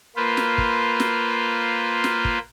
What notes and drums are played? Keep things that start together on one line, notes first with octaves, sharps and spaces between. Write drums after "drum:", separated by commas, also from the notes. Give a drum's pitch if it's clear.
A#3 F4 B4 C5
drum: snare
drum: kick
drum: snare
drum: snare
drum: kick